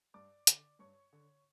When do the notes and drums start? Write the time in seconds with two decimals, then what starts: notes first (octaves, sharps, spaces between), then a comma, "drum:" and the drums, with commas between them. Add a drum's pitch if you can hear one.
0.14 G2 D5 D6
0.47 D3, drum: hi-hat
0.79 G2 C#5 C#6
1.13 D3